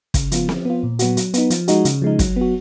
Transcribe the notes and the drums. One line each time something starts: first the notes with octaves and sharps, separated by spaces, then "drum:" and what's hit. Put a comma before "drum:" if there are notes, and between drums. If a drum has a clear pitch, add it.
C#3, drum: kick, hi-hat
F3 B3 F4, drum: hi-hat
F3, drum: snare C4
B3 F4
A#2
F#3 B3 F#4, drum: hi-hat
F#3, drum: hi-hat
B3 D#4, drum: hi-hat
F3, drum: hi-hat
G#3 D#4 F#4, drum: hi-hat
C#3, drum: hi-hat
F3 G#3 D#4
F#3, drum: kick, hi-hat
B3 F#4